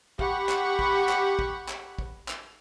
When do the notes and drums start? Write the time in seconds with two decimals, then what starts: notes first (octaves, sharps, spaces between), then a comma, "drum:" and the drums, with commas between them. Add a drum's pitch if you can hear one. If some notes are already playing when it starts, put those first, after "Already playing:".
0.19 G4 F#5 B5 C#6, drum: kick
0.49 drum: clap
0.79 drum: kick
1.09 drum: clap
1.39 drum: kick
1.69 drum: clap
1.99 drum: kick
2.28 drum: clap